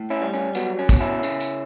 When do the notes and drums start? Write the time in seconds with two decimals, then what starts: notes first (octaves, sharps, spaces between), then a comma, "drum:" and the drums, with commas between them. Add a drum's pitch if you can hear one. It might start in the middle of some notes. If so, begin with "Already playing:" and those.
Already playing: A2
0.10 C#4 E4
0.22 G3
0.34 C#4
0.55 F#3 B3, drum: tambourine
0.79 C#4
0.89 B2, drum: kick, tambourine
1.00 C#4 E4
1.23 C#3, drum: tambourine
1.40 drum: tambourine